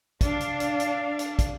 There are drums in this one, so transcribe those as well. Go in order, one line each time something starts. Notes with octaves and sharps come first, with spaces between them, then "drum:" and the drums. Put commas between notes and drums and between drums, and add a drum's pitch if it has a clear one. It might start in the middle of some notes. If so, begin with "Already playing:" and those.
D4 F5, drum: kick, hi-hat
drum: hi-hat
drum: hi-hat
drum: hi-hat
drum: hi-hat
drum: kick, hi-hat